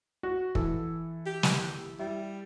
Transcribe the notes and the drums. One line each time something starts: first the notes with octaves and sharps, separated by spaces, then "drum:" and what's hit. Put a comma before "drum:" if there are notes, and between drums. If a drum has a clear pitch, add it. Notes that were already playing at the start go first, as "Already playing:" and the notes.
F#4
E3 A4, drum: kick
G4
drum: snare
G3 E4